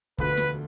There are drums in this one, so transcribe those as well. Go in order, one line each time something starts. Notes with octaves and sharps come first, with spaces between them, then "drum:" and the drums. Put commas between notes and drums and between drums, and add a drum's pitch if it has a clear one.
E1 D2 D3 F3 A3 B4, drum: kick
drum: snare